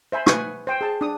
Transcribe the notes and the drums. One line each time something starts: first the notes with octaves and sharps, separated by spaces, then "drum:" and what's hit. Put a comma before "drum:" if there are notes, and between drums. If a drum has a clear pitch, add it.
C5 E5 G#5 B5
B4 G#5 C#6 D#6, drum: rim click
C5 G5
G#4 A5
D4 D#6